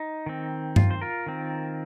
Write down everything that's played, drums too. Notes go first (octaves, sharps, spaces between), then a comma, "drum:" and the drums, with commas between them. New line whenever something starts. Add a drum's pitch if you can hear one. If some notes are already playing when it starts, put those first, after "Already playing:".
Already playing: D#4
D#3 C4
F4, drum: tom G2
C5
F4 A#4
D#3 C4